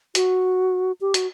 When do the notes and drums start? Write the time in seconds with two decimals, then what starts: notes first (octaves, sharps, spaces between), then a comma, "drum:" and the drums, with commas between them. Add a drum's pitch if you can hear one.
0.15 F#4, drum: hi-hat
1.01 G4
1.14 F#4, drum: hi-hat